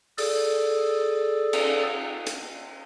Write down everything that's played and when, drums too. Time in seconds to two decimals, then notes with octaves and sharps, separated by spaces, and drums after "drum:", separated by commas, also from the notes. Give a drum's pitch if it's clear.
0.18 G#4 A4 D5, drum: open hi-hat
1.53 drum: cymbal
2.27 drum: hi-hat